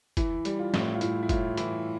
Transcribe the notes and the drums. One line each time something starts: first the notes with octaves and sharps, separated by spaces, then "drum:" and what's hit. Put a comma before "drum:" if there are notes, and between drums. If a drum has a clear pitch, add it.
E3 E4, drum: kick, hi-hat
G3, drum: hi-hat
F4
A2, drum: snare
F4
A2 E4, drum: hi-hat
E4
A2 F4, drum: kick, hi-hat
E3 E4, drum: hi-hat